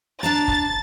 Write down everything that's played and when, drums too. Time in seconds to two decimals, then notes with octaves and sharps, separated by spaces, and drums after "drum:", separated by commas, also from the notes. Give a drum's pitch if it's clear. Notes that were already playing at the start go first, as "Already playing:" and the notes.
0.23 D4 A5 A#5 A6
0.48 drum: kick